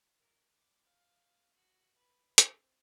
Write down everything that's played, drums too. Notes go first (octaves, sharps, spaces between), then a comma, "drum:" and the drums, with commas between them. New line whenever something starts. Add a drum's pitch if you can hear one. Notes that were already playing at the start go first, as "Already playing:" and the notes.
A#4
D6
F5
F#4
B4
C4, drum: hi-hat